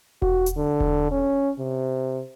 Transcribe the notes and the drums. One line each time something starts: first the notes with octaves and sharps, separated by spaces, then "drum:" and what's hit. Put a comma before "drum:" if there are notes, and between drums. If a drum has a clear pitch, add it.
F#4, drum: kick E1
drum: hi-hat
D3
drum: kick E1
C#4
C3